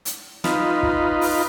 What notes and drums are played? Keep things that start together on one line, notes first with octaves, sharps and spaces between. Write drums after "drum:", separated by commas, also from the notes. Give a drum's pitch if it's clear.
drum: hi-hat
D#4 F4 B4, drum: snare
drum: kick
drum: open hi-hat